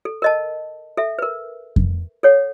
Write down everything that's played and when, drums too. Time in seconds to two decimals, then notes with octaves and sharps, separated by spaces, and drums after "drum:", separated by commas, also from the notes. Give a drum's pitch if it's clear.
0.05 A4
0.22 A#4 D#5 A5
0.97 A4 E5
1.19 A#4 B4
1.76 drum: kick F2
2.23 A4 C#5 F#5